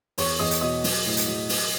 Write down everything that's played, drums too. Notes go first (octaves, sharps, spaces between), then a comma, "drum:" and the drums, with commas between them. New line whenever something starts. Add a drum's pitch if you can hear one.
E2 C#5 C#6, drum: open hi-hat
E2 D#5 D#6
drum: hi-hat
B2 D#5 D#6
F#3, drum: open hi-hat
A2
drum: hi-hat
F#3
F#3, drum: open hi-hat